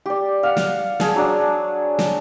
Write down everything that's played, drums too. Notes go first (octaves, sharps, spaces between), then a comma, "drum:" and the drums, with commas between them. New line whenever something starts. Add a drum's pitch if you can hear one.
G4 D5
F5 F#5
drum: snare
G#4 G#5 A5, drum: snare
F#3 D4
drum: snare